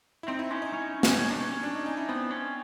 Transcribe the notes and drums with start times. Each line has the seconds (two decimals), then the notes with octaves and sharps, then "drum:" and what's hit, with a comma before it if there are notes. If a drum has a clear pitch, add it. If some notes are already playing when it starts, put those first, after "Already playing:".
0.23 E4
0.28 C4 D#4
0.39 E4
0.51 C#4 E4
0.62 D#4
0.73 C#4
1.03 drum: snare
1.19 C#4
1.29 D4
1.41 C#4
1.52 C#4
1.63 D4
1.75 D#4
1.86 D#4
1.97 E4
2.09 B3 C4
2.31 C#4